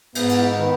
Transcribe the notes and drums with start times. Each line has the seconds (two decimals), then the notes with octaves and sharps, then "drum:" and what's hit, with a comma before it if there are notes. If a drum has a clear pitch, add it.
0.15 G#2 B3, drum: cymbal
0.29 drum: cymbal
0.58 D#3 B3